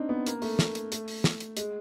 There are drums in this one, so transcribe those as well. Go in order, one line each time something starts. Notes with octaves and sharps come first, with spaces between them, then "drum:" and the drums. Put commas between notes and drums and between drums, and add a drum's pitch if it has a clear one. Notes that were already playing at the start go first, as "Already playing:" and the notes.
Already playing: C4 D4 D#4
B3
A#3, drum: hi-hat
A3, drum: open hi-hat
drum: snare
drum: hi-hat
A3, drum: hi-hat
drum: open hi-hat
drum: snare
drum: hi-hat
G#3, drum: hi-hat